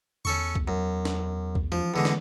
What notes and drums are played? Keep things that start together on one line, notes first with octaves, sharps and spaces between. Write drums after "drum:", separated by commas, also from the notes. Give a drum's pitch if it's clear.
E2 C#4 A4 C#6
drum: kick
F#2
drum: snare
drum: kick
F3, drum: tom E3
E2 D3 G#3
drum: snare